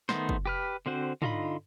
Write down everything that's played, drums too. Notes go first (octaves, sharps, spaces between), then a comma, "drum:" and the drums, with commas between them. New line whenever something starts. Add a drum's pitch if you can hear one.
D#3 A3 B3 D#4 C5, drum: snare
drum: kick
G4 B4 F6
D3 C4 F#4 C5
D3 D#4 F4 D#5 B5, drum: tom